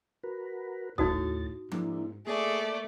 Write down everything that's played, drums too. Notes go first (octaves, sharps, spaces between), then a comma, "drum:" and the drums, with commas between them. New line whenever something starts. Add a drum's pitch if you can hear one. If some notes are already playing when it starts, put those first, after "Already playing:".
F#4 A#4 B4
D#2 A2 D#4 F#4 D#6 A6, drum: kick
G#2 A#3 D4 E4, drum: tom F3
A3 A#3 G#4 D5